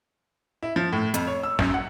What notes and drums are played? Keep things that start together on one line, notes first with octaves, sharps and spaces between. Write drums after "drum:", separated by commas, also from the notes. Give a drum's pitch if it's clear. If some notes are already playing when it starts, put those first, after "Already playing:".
E4
F3
A2
F2, drum: hi-hat
C#5
E6
F#2, drum: snare
F#5